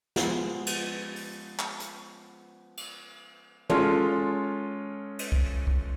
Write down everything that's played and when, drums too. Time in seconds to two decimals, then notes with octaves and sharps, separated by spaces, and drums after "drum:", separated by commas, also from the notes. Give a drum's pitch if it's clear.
0.16 F3 G#3 B3, drum: snare
0.67 drum: cymbal
1.16 drum: open hi-hat
1.59 drum: clap
1.80 drum: hi-hat
2.77 drum: cymbal
3.69 G#3 C#4 F4 A4 C#5, drum: tom
5.19 drum: cymbal
5.32 drum: kick C2
5.67 drum: kick C2